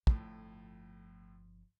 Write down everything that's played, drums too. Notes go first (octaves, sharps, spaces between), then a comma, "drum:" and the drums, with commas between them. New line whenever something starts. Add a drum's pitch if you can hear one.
G1 F2 A2 F3, drum: kick